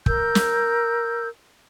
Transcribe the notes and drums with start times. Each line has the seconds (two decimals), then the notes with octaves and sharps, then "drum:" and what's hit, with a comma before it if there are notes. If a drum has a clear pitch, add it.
0.06 A#4 E6 G6, drum: kick
0.35 drum: snare